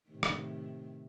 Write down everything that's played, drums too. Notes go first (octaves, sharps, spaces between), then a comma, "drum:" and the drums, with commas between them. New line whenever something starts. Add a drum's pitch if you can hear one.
A2 C3 D#3
drum: rim click